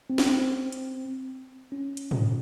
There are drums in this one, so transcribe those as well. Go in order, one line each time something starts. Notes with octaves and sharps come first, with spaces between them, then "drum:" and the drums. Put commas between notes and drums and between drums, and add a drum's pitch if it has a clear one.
C4
C#4, drum: snare
C4
drum: hi-hat
C#4
drum: hi-hat
drum: tom